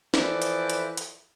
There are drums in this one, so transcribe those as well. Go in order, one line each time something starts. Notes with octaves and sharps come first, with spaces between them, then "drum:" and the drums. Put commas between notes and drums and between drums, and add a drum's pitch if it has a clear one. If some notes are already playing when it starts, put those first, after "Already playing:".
E3 F3 A4 D5, drum: snare
drum: hi-hat
drum: hi-hat
drum: hi-hat